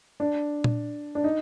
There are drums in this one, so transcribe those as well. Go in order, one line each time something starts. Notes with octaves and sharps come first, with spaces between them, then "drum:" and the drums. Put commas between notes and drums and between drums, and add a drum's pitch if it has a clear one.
D4
drum: tom A#2
D4
D#4